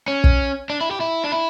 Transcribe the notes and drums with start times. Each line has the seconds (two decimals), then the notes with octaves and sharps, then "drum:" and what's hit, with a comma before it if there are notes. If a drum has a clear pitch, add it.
0.08 C#4
0.24 drum: kick
0.70 D4
0.81 E4
0.91 G4
1.00 E4
1.24 D4
1.32 E4